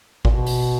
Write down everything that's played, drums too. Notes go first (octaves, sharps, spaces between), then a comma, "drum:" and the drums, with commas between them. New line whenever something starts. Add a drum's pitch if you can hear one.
A#2, drum: kick G#1
B2
drum: open hi-hat